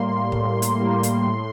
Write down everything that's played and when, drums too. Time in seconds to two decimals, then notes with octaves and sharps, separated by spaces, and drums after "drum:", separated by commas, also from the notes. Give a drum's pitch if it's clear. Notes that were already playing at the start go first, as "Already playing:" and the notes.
Already playing: A2 G3 A#3 C6
0.32 A2, drum: kick
0.62 drum: hi-hat
0.80 G3 A#3
1.03 drum: hi-hat
1.27 A2